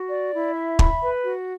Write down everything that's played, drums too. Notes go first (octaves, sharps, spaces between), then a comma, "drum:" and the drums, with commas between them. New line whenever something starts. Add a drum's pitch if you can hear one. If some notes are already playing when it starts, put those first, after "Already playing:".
Already playing: F#4
D5
E4
E5
B5, drum: kick
B4
F#4